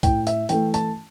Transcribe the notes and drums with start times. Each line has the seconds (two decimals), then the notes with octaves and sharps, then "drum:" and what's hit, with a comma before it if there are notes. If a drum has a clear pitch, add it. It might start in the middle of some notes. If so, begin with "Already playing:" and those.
0.03 A2 G5, drum: kick C2, hi-hat
0.27 E5, drum: hi-hat
0.49 E3 A3 G5, drum: hi-hat
0.74 A5, drum: hi-hat